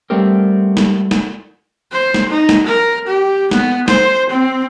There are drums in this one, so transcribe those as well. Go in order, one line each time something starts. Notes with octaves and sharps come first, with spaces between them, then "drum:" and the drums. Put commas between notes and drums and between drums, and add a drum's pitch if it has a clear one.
G3 A3 B3 C4 G4 A#4
drum: snare
drum: snare
C5
drum: snare
D#4
drum: snare
A#4
G4
B3, drum: snare
C5, drum: snare
C4